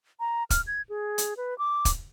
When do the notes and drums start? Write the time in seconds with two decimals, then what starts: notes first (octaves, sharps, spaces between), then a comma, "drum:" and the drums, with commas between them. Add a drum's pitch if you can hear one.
0.20 A#5
0.50 F6, drum: kick, hi-hat
0.67 G#6
0.89 G#4
1.18 drum: hi-hat
1.37 B4
1.58 D6
1.85 drum: kick, hi-hat